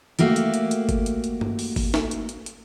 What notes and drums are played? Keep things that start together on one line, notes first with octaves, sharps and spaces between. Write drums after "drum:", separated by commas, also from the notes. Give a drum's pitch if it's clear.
A3 A#3 F#4 G4, drum: hi-hat
drum: hi-hat
drum: hi-hat
drum: hi-hat
drum: kick G1, hi-hat
drum: hi-hat
drum: hi-hat
drum: tom G2
drum: open hi-hat
drum: kick G1, open hi-hat
drum: snare
drum: hi-hat
drum: hi-hat
drum: hi-hat